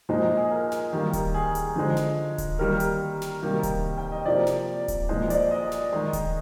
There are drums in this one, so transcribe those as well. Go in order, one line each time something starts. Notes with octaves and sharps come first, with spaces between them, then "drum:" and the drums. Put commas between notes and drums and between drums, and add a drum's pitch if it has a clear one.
A#2 F3 G#3 D#4
G#4
A#4
drum: snare
D#3 G3 A#3
drum: kick D1, hi-hat
G#4
drum: hi-hat
D3 F3 G#3
drum: snare
drum: kick D1, hi-hat
D#3 G3 A#3 A#4
drum: hi-hat
drum: snare
C3 D#3 G3 A#3
drum: kick D1, hi-hat
G5
D#5
C3 F3 A#3 D5
drum: snare
drum: kick D1, hi-hat
A#2 F3 G#3 C5
D5, drum: hi-hat
D#5
drum: snare
D#3 G#3
drum: kick D1, hi-hat